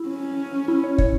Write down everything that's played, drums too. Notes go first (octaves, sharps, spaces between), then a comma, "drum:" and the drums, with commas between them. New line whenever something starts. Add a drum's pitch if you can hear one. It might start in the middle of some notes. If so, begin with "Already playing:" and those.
Already playing: E4
C#4
E4
C#5
C#5, drum: kick